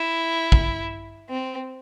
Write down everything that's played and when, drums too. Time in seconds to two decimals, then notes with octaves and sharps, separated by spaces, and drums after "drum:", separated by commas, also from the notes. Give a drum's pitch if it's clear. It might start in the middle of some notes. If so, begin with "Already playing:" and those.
Already playing: E4
0.52 drum: kick A#1
1.29 C4